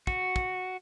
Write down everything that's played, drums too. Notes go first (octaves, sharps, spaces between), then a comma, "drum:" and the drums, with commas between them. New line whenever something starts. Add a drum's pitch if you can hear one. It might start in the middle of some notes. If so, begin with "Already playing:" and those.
F#4, drum: kick
drum: kick